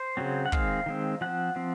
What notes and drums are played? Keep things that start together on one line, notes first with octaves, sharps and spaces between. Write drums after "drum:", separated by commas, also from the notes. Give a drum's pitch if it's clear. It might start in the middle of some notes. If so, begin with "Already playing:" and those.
Already playing: C5
C#3 F#3 C4
F#5
D#3 G#3 C4 F5, drum: kick
D#3 G#3 C4
F3 C4 F#5
F3 C4